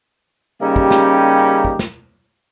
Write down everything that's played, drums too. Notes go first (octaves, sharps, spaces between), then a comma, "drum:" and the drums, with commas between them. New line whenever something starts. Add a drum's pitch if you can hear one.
C#3 G3 A#3 C#4 D#4 G4
drum: kick
drum: snare
drum: kick
drum: snare